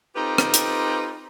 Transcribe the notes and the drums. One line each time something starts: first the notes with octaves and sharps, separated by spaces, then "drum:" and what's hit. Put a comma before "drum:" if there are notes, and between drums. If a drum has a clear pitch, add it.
C4 D#4 F4 G4 A4 B4
drum: rim click
drum: hi-hat